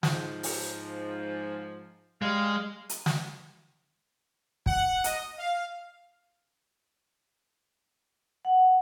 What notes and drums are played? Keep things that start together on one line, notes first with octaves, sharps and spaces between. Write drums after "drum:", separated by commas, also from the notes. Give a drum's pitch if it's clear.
G#2 F3, drum: snare
drum: open hi-hat
G3 G#3 F5
drum: hi-hat
drum: snare
F#5, drum: kick
D#5, drum: hi-hat
F5
F#5